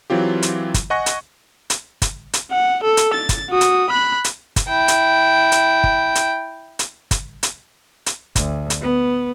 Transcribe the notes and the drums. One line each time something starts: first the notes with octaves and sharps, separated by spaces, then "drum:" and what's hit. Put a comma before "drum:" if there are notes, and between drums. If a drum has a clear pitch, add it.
E3 F#3 C4 F4 G4
drum: hi-hat
drum: kick, hi-hat
D#5 F#5 G#5 C#6 F#6 A#6
drum: hi-hat
drum: hi-hat
drum: kick, hi-hat
drum: hi-hat
F#5
A4
drum: hi-hat
A6
drum: kick, hi-hat
F#4 D#6
drum: hi-hat
B5 F#6
drum: hi-hat
drum: kick, hi-hat
E4 G5
drum: hi-hat
drum: hi-hat
drum: kick
drum: hi-hat
drum: hi-hat
drum: kick, hi-hat
drum: hi-hat
drum: hi-hat
D2, drum: kick, hi-hat
drum: hi-hat
B3